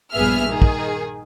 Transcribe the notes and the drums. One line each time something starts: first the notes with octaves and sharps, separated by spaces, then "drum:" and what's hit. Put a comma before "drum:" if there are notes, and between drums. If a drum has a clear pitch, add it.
A#1 G2 B3 G#4 E5 F6
D#3 G#4
drum: kick